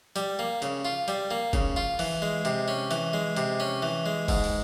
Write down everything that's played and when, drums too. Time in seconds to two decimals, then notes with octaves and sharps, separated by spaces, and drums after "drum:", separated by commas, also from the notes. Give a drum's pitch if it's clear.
0.16 G3, drum: hi-hat
0.39 A#3
0.62 C#3, drum: hi-hat
0.85 F4
1.08 G3, drum: hi-hat
1.31 A#3
1.53 C#3, drum: kick, hi-hat
1.76 F4
1.99 E3, drum: open hi-hat
2.22 G#3
2.45 C3, drum: hi-hat
2.68 C#4
2.91 E3, drum: hi-hat
3.13 G#3
3.37 C3, drum: hi-hat
3.60 C#4
3.82 E3
4.06 G#3
4.28 G#2, drum: kick, open hi-hat
4.44 drum: open hi-hat